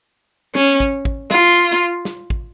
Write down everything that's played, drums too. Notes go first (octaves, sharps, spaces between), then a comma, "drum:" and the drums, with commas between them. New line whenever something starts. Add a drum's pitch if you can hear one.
C#4, drum: snare
drum: kick
drum: kick
F4, drum: snare
drum: snare
drum: kick